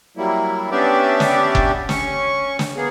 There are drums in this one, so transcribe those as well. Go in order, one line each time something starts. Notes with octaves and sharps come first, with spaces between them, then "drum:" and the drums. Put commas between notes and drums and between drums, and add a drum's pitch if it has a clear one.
F#3 G3 A#3 E4
B3 C#4 D4 G4 D5 E5
drum: snare
drum: kick F#1
C#4 C#6, drum: snare
drum: snare
A#3 B3 G#4